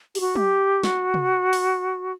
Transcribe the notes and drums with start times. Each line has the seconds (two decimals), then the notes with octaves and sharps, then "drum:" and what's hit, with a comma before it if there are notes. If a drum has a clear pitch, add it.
0.15 G4, drum: open hi-hat
0.20 F#4
0.35 G4, drum: tom F#3
0.83 F#4, drum: snare
1.14 drum: tom C3
1.53 drum: open hi-hat